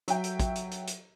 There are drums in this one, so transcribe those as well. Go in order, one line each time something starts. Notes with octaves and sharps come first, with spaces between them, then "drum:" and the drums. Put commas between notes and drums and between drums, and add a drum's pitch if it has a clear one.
F#3 E5 G5, drum: hi-hat
drum: hi-hat
drum: kick, hi-hat
drum: hi-hat
drum: hi-hat
drum: hi-hat